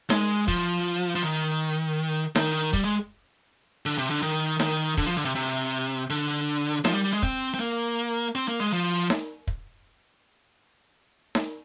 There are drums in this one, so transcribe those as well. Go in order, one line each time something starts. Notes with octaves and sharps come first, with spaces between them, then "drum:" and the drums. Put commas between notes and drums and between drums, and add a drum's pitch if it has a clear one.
G#3, drum: snare D#4
F3, drum: kick
F3
D#3
D#3, drum: snare D#4
G3, drum: kick
G#3
D3
C3
D3
D#3
D#3, drum: snare D#4
D3, drum: kick
F3
D3
C3
C3
D3
F3, drum: snare D#4
G3
G3
G#3
C4, drum: kick
C4
A#3
C4
A#3
G#3
F3
drum: snare D#4
drum: kick
drum: snare D#4